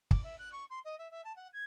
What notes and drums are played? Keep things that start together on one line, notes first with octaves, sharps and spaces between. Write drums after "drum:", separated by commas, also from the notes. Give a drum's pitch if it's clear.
D6, drum: kick
E5
F#6
C#6
C6
D#5
E5
E5
A5
F#5
G#6